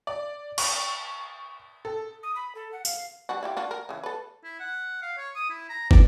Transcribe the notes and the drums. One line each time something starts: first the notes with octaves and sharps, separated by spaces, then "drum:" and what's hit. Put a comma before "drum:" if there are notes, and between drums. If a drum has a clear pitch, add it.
D5
C#6, drum: cymbal
A4
D#6
B5
A4
F#5
F5, drum: tambourine
G3 D4 F#4
E4 F4 G4
D4 F4 F#4
A#4
C#3 E3
A4 B4
E4
F#5
F5
C#5
D#6
E4
A#5
D5, drum: kick